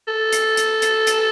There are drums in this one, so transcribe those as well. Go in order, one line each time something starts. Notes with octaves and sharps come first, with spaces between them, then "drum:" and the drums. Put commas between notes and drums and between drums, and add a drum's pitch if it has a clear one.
A4
drum: hi-hat
drum: hi-hat
drum: hi-hat
drum: hi-hat